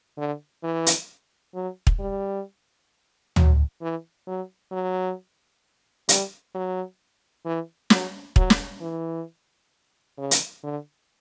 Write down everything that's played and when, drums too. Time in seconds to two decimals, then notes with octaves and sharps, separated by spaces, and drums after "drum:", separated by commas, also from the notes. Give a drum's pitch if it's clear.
0.18 D3
0.63 E3
0.86 drum: hi-hat
1.54 F#3
1.87 drum: kick
2.00 G3
3.36 F#3, drum: tom
3.81 E3
4.27 F#3
4.72 F#3
6.09 G3, drum: hi-hat
6.55 F#3
7.46 E3
7.90 F#3, drum: snare
8.36 F#3, drum: kick
8.50 drum: snare
8.81 E3
10.18 C#3
10.31 drum: hi-hat
10.63 D3